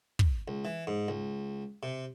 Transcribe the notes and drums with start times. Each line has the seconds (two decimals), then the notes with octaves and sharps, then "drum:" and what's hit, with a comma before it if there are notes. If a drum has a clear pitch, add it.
0.19 drum: kick
0.48 C#2
0.65 E3
0.87 G#2
1.08 C#2
1.83 C3